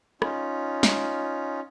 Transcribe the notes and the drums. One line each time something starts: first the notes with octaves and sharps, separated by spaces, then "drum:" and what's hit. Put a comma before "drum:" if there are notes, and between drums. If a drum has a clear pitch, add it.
C#4 D#4 F4, drum: rim click
drum: snare